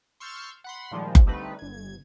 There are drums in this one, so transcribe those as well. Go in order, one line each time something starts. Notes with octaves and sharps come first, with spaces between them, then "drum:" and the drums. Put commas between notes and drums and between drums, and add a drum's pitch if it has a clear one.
C6 C#6 E6 F6 G6 A6
F#5 B5 C6
A#2 D#3 F3 G3 G#3
drum: kick F#1
D3 G3 A3 C4 D#4 B4
G1 G#6